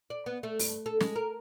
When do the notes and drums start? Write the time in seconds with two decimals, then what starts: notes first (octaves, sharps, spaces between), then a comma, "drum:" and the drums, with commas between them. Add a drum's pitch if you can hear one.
0.10 D5
0.26 B3
0.43 A3
0.59 G2, drum: open hi-hat
0.86 A4
1.00 G#3, drum: snare
1.16 A#4